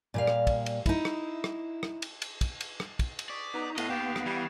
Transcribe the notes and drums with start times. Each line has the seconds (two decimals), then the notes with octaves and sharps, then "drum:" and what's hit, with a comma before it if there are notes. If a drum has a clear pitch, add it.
0.14 A#2 G3 F5
0.27 drum: rim click
0.47 drum: kick, cymbal
0.66 drum: cymbal
0.86 D#4 E4, drum: kick, cymbal
1.05 drum: rim click
1.44 drum: rim click
1.83 drum: rim click
2.02 drum: cymbal
2.22 drum: cymbal
2.41 drum: kick, cymbal
2.61 drum: cymbal
2.80 drum: rim click
2.99 drum: kick, cymbal
3.19 drum: cymbal
3.30 D5 C#6 D#6 B6
3.54 B3 D#4 B6 F7
3.78 A2 B3 D#5 F5 F#6 A#6, drum: cymbal
3.90 D#2 G4 A6 D7 E7
4.16 drum: rim click
4.26 E3 G3 F#6 G#6 C#7